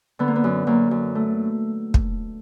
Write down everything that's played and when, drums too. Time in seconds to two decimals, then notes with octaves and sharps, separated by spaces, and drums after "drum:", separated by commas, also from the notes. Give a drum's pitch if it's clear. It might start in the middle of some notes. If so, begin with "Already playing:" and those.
0.19 D3 B3
0.28 A#3
0.36 B3
0.44 F#2
0.67 F#2 A#3
0.91 F#2
1.15 A3
1.94 drum: kick